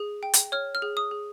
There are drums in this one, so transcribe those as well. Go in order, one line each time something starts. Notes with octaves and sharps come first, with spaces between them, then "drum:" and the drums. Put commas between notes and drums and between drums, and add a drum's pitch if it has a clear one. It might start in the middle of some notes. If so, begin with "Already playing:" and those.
Already playing: G#4
G5
drum: hi-hat
C#5 F6
F6
G#4
D#6
G#4